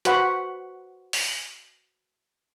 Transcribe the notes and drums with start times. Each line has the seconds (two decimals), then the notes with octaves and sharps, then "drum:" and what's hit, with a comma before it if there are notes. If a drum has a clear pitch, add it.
0.05 F#4 B4 C5 F#5 B5, drum: hi-hat
1.13 drum: open hi-hat